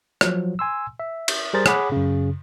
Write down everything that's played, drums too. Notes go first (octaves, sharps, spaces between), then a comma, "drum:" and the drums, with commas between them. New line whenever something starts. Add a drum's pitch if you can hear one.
F3 F#3, drum: rim click
G#5 C6 E6
E5
drum: cymbal
G3 G#4 A#4 C5 A6
G#4 C#5 F#5 B5 D6 F#6, drum: rim click
F#2 C#3